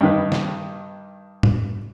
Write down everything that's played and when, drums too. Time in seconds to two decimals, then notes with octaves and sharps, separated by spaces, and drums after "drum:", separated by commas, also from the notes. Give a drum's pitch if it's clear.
0.01 G2 D#3 B4
0.32 drum: snare
1.43 drum: tom